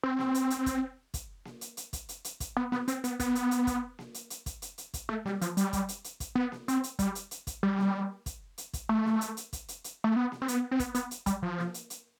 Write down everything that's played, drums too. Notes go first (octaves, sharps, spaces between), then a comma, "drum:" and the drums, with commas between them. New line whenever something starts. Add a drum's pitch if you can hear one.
C4
drum: snare A#3
drum: hi-hat
drum: hi-hat
drum: kick, hi-hat
drum: kick, hi-hat
drum: snare A#3
drum: hi-hat
drum: hi-hat
drum: kick, hi-hat
drum: hi-hat
drum: hi-hat
drum: kick, hi-hat
B3
B3, drum: snare A#3
C4, drum: hi-hat
B3, drum: hi-hat
B3, drum: kick, hi-hat
drum: hi-hat
drum: hi-hat
drum: kick, hi-hat
drum: snare A#3
drum: hi-hat
drum: hi-hat
drum: kick, hi-hat
drum: hi-hat
drum: hi-hat
drum: kick, hi-hat
A3
G3, drum: snare A#3
F3, drum: hi-hat
G3, drum: hi-hat
drum: kick, hi-hat
drum: hi-hat
drum: hi-hat
drum: kick, hi-hat
B3
drum: snare A#3
C4, drum: hi-hat
drum: hi-hat
G3, drum: kick, hi-hat
drum: hi-hat
drum: hi-hat
drum: kick, hi-hat
G3
drum: snare A#3
drum: kick, hi-hat
drum: hi-hat
drum: kick, hi-hat
A3
drum: snare A#3
drum: hi-hat
drum: hi-hat
drum: kick, hi-hat
drum: hi-hat
drum: hi-hat
A3
B3
drum: snare A#3
C4
B3, drum: hi-hat
C4
B3, drum: kick, hi-hat
B3, drum: hi-hat
drum: hi-hat
G3, drum: kick, hi-hat
F3
drum: snare A#3
drum: hi-hat
drum: hi-hat